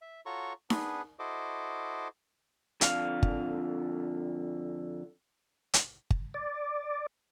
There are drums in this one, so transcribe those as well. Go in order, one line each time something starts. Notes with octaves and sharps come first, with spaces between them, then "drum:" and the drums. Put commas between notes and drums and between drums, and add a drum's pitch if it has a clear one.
E5
F4 F#4 A4 C#5 A#5 C#6
B3 D4 G#4 B4, drum: snare D#4
E4 F#4 A4 C5 D#5 D6
F2 D3 F5, drum: hi-hat
drum: kick G1
drum: hi-hat
drum: kick G1
D5